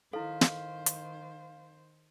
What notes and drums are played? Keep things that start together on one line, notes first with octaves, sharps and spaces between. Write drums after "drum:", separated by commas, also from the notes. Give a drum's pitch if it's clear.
D#3 E4 A4 C5 F5
drum: snare
drum: hi-hat